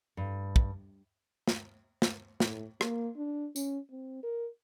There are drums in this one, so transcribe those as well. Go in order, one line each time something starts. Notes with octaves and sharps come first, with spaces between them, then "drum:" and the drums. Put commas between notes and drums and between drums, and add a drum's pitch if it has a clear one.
G2
drum: kick
drum: snare
drum: snare
A2, drum: snare
A#3, drum: rim click
D4
C#4, drum: tambourine
C4
A#4